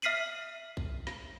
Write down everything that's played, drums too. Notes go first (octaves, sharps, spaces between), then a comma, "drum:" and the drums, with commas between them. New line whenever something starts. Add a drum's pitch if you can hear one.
E5 F6 B6 C7 D#7 F#7
drum: kick A#1
drum: snare